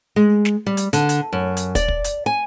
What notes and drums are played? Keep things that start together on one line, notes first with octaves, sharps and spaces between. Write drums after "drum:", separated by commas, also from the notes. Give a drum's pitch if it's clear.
G#3
drum: snare
G3
drum: hi-hat
D3, drum: hi-hat
drum: hi-hat
F#2
drum: hi-hat
D5, drum: kick, hi-hat
drum: kick
drum: hi-hat
G#5